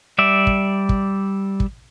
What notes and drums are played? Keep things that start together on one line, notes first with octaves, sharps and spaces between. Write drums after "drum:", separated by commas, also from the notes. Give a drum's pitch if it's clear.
G3 D5 E5
drum: kick
drum: kick
drum: kick